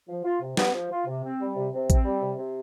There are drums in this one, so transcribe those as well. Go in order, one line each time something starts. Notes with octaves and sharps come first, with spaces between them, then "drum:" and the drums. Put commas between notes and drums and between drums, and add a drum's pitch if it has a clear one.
F3
F4
C3
B3, drum: snare
F3
F4
C3
C4
G3
C3
C3
C4, drum: kick A1, hi-hat
G3
C3
C3